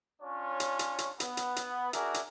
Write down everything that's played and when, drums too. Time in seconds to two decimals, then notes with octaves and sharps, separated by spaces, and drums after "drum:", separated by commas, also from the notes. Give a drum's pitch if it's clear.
0.21 C#4 D4 F4 C#5
0.60 drum: hi-hat
0.79 drum: hi-hat
0.98 drum: hi-hat
1.20 B3, drum: hi-hat
1.37 drum: hi-hat
1.56 drum: hi-hat
1.93 D4 F#4 G#4 A#4 E5, drum: hi-hat
2.14 drum: hi-hat